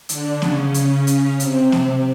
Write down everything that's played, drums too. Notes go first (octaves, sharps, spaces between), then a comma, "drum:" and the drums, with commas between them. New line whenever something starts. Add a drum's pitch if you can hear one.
D3 D4, drum: hi-hat
C#3 C#4, drum: snare
drum: hi-hat
drum: hi-hat
C3 C4, drum: hi-hat
drum: snare